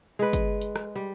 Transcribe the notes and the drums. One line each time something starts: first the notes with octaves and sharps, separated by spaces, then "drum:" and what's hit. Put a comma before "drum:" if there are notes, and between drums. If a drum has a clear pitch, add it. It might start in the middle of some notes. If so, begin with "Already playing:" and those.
G#3 B4
drum: kick, hi-hat
drum: hi-hat
drum: rim click
G3